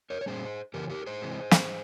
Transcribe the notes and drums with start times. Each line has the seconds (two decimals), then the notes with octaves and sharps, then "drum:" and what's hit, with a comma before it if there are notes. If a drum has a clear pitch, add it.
0.10 A#4 C#5
0.21 C#5
0.26 A#2 G3 C#4 G#4 C5
0.74 C#3 E3 G4 A#4
0.90 G4 A#4
1.06 G#4 C5
1.22 C3 E3 G#3
1.51 drum: snare